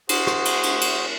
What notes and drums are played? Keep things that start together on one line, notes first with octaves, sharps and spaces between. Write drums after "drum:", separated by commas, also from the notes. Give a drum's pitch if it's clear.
F#4 G#4 C5, drum: cymbal
drum: rim click
drum: cymbal
drum: cymbal
drum: cymbal